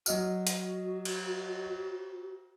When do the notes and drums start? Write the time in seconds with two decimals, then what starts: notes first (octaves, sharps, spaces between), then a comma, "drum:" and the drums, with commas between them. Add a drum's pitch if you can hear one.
0.06 F#3 F#4 D#5 F6, drum: tambourine
0.47 drum: hi-hat
1.05 drum: cymbal